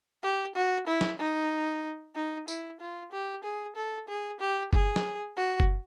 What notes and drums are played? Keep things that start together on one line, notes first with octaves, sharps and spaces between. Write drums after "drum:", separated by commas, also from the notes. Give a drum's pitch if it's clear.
G4
F#4
E4
drum: snare
D#4
D#4
E4, drum: tambourine
F4
G4
G#4
A4
G#4
G4
G#4, drum: kick F#1
drum: snare
F#4
drum: kick F#1